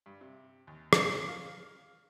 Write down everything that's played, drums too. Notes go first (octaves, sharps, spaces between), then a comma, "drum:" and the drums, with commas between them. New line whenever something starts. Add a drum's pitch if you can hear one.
G2
C3
D#2
C4, drum: rim click
F5